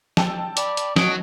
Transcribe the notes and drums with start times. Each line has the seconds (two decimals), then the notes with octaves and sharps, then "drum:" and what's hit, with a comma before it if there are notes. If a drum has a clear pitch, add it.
0.17 G5 A5 E6, drum: snare
0.57 D5 B5, drum: hi-hat
0.77 drum: hi-hat
0.96 F#3 D#5 D7, drum: snare